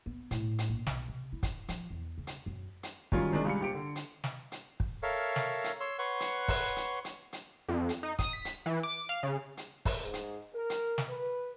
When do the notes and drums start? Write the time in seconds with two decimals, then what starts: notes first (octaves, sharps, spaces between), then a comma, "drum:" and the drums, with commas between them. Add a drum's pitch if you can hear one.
0.06 B3
0.31 A2, drum: hi-hat
0.58 drum: hi-hat
0.69 A#1
0.87 B1, drum: snare
1.08 C3
1.32 E4
1.43 drum: kick, hi-hat
1.68 F3, drum: hi-hat
1.90 E2
2.18 C#3
2.27 drum: hi-hat
2.46 F#2
2.83 drum: hi-hat
3.12 D#3 F#3 G3 C#4 F4, drum: kick
3.33 C3 D#3 G#3 D4
3.45 C#2 G3 G#3 C#7
3.60 A#1 G4 D7
3.74 D3
3.96 drum: hi-hat
4.24 drum: snare
4.52 drum: hi-hat
4.80 drum: kick
5.03 A4 A#4 C#5 E5 F5
5.36 drum: snare
5.64 drum: hi-hat
5.80 C#5 C6 E6
5.99 B4 C#5 F#5 C6 C#6
6.20 drum: hi-hat
6.48 drum: kick, open hi-hat
6.76 drum: hi-hat
7.05 drum: hi-hat
7.33 drum: hi-hat
7.69 F2
7.89 drum: hi-hat
8.03 D#4
8.19 D#6, drum: kick, hi-hat
8.33 B6
8.45 drum: hi-hat
8.66 E3
8.83 D6
9.09 F5
9.23 C#3
9.57 drum: hi-hat
9.85 drum: kick, open hi-hat
10.01 G#2
10.13 drum: hi-hat
10.53 A#4
10.70 drum: hi-hat
10.98 drum: snare
11.09 B4